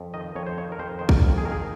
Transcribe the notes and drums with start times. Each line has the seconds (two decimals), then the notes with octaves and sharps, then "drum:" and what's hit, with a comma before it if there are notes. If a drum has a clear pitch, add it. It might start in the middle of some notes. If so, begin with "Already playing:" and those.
Already playing: F2
0.14 D#3 D#5
0.35 F2 C#5
0.47 C5
0.58 D#3 C#5
0.72 A#4
0.79 F2 C5
0.99 D#3 C5
1.09 A#4, drum: kick
1.23 F2
1.38 G#4
1.45 D#3 A#4
1.52 G#4